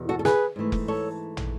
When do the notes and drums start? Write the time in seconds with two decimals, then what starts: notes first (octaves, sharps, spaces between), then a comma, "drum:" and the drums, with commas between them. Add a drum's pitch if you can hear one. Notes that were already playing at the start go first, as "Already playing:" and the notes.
Already playing: E2 B2
0.09 F#4 A4
0.19 A4
0.25 G#4 B4, drum: snare
0.56 G#2 E3 A3
0.72 drum: kick F1
0.88 A4 C#5
1.37 drum: tom